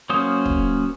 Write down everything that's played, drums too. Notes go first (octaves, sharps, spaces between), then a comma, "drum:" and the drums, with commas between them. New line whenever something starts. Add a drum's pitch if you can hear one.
F#3 A#3 C#4 C5 D#6
drum: kick